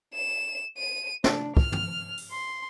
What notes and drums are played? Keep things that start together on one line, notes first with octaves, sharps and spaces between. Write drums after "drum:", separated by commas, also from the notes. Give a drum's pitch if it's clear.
E7
D#7
D4, drum: snare
F6, drum: kick
drum: tom
drum: open hi-hat
C6